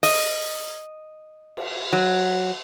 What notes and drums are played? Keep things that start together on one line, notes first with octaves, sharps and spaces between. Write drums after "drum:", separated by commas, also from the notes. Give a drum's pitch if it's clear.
D#5, drum: open hi-hat
drum: cymbal
F#3